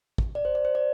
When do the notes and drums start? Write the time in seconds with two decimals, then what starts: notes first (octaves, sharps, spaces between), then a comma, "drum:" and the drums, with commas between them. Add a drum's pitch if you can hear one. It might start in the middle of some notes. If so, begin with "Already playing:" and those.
0.18 drum: kick
0.35 D5
0.45 C5
0.55 D5
0.65 C5
0.75 D5